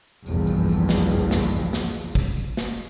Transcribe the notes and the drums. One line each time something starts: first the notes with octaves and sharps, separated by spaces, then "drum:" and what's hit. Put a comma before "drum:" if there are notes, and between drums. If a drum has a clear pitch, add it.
F#1 B1 E2 G2 E3 F3, drum: tambourine
drum: tambourine
drum: tambourine
drum: snare
drum: tambourine
drum: snare
drum: tambourine
drum: snare
drum: tambourine
drum: kick, tambourine
drum: tambourine
drum: snare